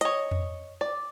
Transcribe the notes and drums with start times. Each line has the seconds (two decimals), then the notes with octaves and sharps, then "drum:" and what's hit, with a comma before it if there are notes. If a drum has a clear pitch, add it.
0.01 C#5 D#5, drum: hi-hat
0.31 drum: tom F2
0.81 D5